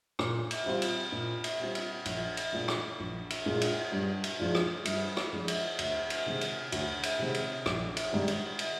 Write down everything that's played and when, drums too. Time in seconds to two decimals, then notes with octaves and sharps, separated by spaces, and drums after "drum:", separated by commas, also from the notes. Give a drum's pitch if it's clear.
0.19 A#2, drum: rim click
0.51 drum: cymbal
0.66 G3 C4 F4
0.82 drum: cymbal
1.12 A#2
1.44 drum: cymbal
1.60 G3 C4 F4
1.75 drum: cymbal
2.05 A#1, drum: cymbal
2.37 drum: cymbal
2.52 A#2 G#3 D4 F4
2.68 drum: rim click
3.00 A#1
3.30 drum: cymbal
3.46 A#2 G#3 D4 F4
3.61 drum: cymbal
3.92 G2
4.24 drum: cymbal
4.40 F3 G#3 D4 F4
4.55 drum: rim click
4.85 G2, drum: cymbal
5.17 drum: rim click
5.33 F3 G#3 D4 F4
5.48 drum: cymbal
5.79 D2, drum: cymbal
6.10 drum: cymbal
6.26 C3 D#3 G#3 C4
6.41 drum: cymbal
6.72 D2, drum: cymbal
7.03 drum: cymbal
7.19 C3 D#3 G#3 C4
7.34 drum: cymbal
7.66 A#1, drum: rim click
7.97 drum: cymbal
8.12 G#2 D#3 G3 D4
8.28 drum: cymbal
8.59 drum: cymbal